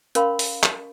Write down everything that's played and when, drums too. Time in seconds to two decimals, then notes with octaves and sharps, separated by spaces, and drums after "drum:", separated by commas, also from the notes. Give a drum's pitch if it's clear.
0.15 C#4 A#4 F5 B5 C6, drum: hi-hat
0.39 drum: open hi-hat
0.63 drum: clap